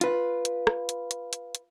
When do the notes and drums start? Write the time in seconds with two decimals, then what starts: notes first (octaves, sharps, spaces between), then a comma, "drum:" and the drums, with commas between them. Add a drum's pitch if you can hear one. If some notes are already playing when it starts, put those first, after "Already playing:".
0.01 F4 B4, drum: hi-hat
0.45 drum: hi-hat
0.67 drum: rim click
0.89 drum: hi-hat
1.11 drum: hi-hat
1.33 drum: hi-hat
1.55 drum: hi-hat